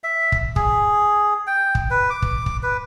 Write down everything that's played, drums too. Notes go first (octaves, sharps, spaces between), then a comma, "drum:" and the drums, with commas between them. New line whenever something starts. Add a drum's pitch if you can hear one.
E5
drum: kick
G#4, drum: kick
G5
drum: kick
B4
D6
drum: kick
drum: kick
B4